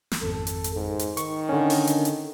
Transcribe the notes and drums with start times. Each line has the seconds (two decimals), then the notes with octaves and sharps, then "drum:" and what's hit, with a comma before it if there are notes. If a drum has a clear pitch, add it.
0.11 drum: snare
0.22 G#1 F2 A4
0.47 drum: hi-hat
0.64 drum: hi-hat
0.76 G#2
0.99 drum: hi-hat
1.17 D#3 C#6, drum: hi-hat
1.49 D3 C#4
1.70 drum: open hi-hat
1.87 drum: hi-hat
2.05 drum: hi-hat